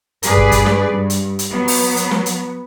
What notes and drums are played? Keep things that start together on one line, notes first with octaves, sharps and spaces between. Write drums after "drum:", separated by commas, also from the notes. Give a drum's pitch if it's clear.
G2 G#4 B4 D5, drum: hi-hat
drum: kick
drum: kick, hi-hat
drum: snare
G2
drum: hi-hat
drum: hi-hat
F#3 B3
drum: open hi-hat
drum: hi-hat
drum: snare
drum: hi-hat